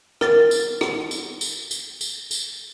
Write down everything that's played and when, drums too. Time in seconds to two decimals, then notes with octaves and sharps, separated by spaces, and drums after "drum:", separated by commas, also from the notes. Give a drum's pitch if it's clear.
0.21 A#4 A6, drum: rim click
0.51 drum: tambourine
0.81 drum: rim click
1.11 drum: tambourine
1.41 drum: tambourine
1.71 drum: tambourine
2.01 drum: tambourine
2.31 drum: tambourine